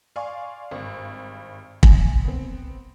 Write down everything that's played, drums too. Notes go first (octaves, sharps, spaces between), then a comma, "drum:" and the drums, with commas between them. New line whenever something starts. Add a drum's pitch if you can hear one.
D5 F5 G#5 C6 C#6
G#1 G2
G#5, drum: kick
B3 C4